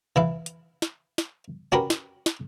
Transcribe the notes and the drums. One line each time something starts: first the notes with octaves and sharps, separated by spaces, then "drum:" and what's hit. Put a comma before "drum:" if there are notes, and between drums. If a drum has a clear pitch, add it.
E3 E4 F5
drum: hi-hat
drum: snare
drum: snare
C#4 F#4 G4 A#4 B4
drum: snare
drum: snare